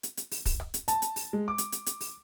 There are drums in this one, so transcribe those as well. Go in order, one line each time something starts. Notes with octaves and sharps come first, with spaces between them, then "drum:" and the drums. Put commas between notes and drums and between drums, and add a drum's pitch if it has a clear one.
drum: hi-hat
drum: hi-hat
drum: open hi-hat
drum: kick, open hi-hat
drum: rim click
drum: hi-hat
A5, drum: hi-hat
drum: hi-hat
drum: open hi-hat
G#3
D6
drum: hi-hat
drum: hi-hat
drum: hi-hat
drum: open hi-hat